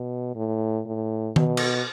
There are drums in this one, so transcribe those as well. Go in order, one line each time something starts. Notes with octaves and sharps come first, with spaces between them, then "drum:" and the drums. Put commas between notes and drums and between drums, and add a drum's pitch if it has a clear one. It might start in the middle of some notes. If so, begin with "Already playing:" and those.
Already playing: B2
A2
A2
B2, drum: tom D#3
drum: cymbal